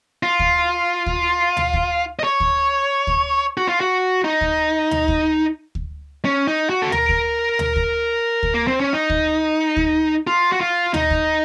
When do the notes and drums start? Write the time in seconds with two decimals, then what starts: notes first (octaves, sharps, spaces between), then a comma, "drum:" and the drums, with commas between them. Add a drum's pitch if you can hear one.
0.23 F4
0.40 drum: kick D2
1.06 drum: kick D2
1.57 drum: tom D2
1.73 drum: kick D2
2.19 D#5
2.24 C#5
2.40 drum: kick D2
3.07 drum: kick D2
3.57 F#4
3.69 F4
3.81 F#4
4.24 D#4
4.41 drum: kick D2
4.91 drum: tom D2
5.08 drum: kick D2
5.75 drum: kick D2
6.25 C#4
6.47 D#4
6.70 F#4
6.82 A4
6.92 A#4, drum: tom D2
7.09 drum: kick D2
7.59 drum: tom D2
7.76 drum: kick D2
8.43 drum: kick D2
8.54 A#3
8.67 C4
8.80 C#4
8.93 D#4
9.10 drum: kick D2
9.77 drum: kick D2
10.27 F4
10.52 F#4
10.61 F4
10.94 D#4, drum: tom D2
11.11 drum: kick D2